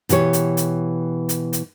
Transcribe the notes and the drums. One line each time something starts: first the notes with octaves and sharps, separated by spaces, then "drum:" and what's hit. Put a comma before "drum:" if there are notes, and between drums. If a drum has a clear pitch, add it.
B2 E3 G4 C#5, drum: hi-hat
drum: hi-hat
drum: hi-hat
drum: hi-hat
drum: hi-hat